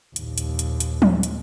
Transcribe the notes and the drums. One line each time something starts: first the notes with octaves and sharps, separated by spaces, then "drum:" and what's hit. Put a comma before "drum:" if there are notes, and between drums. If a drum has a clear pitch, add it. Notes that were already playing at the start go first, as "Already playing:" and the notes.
A#1 D#2, drum: hi-hat
drum: hi-hat
drum: hi-hat
drum: hi-hat
drum: tom
drum: hi-hat